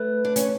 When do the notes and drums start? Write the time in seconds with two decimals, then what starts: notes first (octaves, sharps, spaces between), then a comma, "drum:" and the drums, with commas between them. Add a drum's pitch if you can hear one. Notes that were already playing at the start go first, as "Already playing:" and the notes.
Already playing: A3 B4
0.25 D4
0.36 C#4, drum: hi-hat